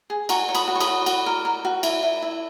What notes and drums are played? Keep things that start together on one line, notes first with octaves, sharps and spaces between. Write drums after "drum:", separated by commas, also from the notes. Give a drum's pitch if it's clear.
G#4
F#4 A#5 C#6, drum: cymbal
C#5
B5 D#6, drum: cymbal
F#4
C#6
B5 D#6, drum: cymbal
F#4
F#4, drum: cymbal
A#4
A#4
F#4
E4, drum: cymbal
E4
E4